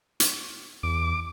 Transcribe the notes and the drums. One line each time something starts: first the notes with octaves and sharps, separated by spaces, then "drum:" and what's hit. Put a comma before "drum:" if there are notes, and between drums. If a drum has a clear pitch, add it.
drum: hi-hat
E2 D6